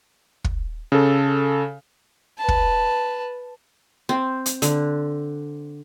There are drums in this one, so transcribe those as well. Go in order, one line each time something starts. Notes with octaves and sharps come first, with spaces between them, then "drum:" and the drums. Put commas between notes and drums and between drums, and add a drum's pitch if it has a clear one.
drum: kick
C#3 A4
B4 A5
drum: kick
C4
drum: hi-hat
D3, drum: hi-hat